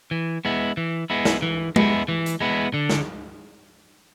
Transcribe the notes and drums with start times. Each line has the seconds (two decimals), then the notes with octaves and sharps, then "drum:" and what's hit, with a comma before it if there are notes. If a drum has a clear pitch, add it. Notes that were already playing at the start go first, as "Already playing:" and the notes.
0.11 E3
0.45 G#3 B3 E4
0.77 E3
1.10 G#3 B3 E4
1.25 drum: snare
1.42 E3
1.76 G#3 B3 E4, drum: tom G#3
2.08 E3
2.26 drum: hi-hat
2.41 G#3 B3 E4
2.74 D3
2.89 drum: snare